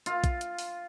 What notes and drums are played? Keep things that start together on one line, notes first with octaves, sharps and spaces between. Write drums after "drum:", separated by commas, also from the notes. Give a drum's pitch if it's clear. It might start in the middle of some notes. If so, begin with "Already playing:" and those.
F4, drum: hi-hat
drum: kick, hi-hat
drum: hi-hat
drum: open hi-hat